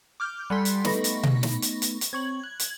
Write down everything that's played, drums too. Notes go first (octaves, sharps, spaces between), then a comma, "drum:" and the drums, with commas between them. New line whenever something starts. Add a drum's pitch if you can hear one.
D6 F6 G6
G3 A4 F#5 G#5 C6 B6
drum: hi-hat
A3 B3 D#4 B5 C#6 A#6, drum: snare
drum: hi-hat
drum: tom B2
drum: snare
drum: hi-hat
drum: hi-hat
drum: hi-hat
C4 C#5 G#6 F#7
F#6
drum: hi-hat